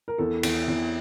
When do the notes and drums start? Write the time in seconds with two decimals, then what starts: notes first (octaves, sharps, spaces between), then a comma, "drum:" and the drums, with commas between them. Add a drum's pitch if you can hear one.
0.08 A#4
0.18 E2 A4
0.43 E2, drum: cymbal
0.68 E2